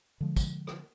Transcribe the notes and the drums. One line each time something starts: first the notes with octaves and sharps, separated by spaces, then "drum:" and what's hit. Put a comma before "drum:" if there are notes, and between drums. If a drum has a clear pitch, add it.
D3 F3 G#3
drum: kick, tambourine
drum: rim click